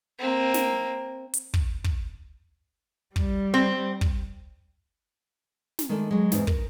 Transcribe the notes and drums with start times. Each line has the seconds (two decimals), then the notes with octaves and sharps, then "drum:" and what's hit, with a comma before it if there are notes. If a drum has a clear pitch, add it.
0.19 A#3 C4
0.54 drum: snare
1.34 drum: hi-hat
1.54 drum: kick
1.84 drum: kick
3.16 G3, drum: kick
3.54 C4
4.01 drum: kick
5.79 drum: snare
5.89 D#3 G#3 A3 A4 D5
6.11 F#3 G#3
6.32 E2 G#2, drum: snare
6.47 A#4, drum: kick